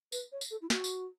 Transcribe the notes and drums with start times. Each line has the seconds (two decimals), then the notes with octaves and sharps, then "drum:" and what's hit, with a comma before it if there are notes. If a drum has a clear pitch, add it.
0.12 B4, drum: tambourine
0.32 C#5
0.41 drum: tambourine
0.51 A4
0.62 E4
0.70 F#4, drum: snare
0.84 drum: tambourine